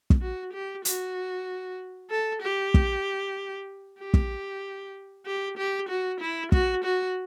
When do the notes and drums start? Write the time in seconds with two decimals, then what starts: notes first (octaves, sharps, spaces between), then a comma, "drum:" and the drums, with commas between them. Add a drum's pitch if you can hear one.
0.10 drum: kick
0.21 F#4
0.53 G4
0.85 F#4, drum: hi-hat
2.11 A4
2.42 G4
2.74 drum: kick
3.99 G4
4.14 drum: kick
5.26 G4
5.58 G4
5.89 F#4
6.21 E4
6.52 F#4, drum: kick
6.84 F#4